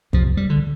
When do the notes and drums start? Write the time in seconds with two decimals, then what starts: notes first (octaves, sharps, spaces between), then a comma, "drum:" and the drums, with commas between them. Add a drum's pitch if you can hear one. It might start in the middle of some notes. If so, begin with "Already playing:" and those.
0.13 F2 C3 F3, drum: kick
0.37 G3
0.50 D3